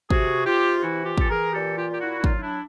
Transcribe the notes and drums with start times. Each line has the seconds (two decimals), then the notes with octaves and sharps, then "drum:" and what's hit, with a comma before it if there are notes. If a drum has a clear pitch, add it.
0.10 C3 F#4 G#4, drum: kick
0.46 C3 F4 G4
0.77 G4
0.82 E3 E4 F#4
1.06 F4 G4
1.18 E3 A4, drum: kick
1.29 G#4 A#4
1.53 A#2 G4 A4
1.77 F4 G4
1.89 A#2 G4
2.00 E4 F#4
2.18 E4
2.24 F#3 D#4 F4, drum: kick
2.38 D#4
2.42 D4 E4